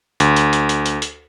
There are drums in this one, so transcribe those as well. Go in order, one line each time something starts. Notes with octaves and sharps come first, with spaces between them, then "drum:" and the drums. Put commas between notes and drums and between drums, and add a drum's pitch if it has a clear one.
D2, drum: hi-hat
drum: hi-hat
drum: hi-hat
drum: hi-hat
drum: hi-hat
drum: hi-hat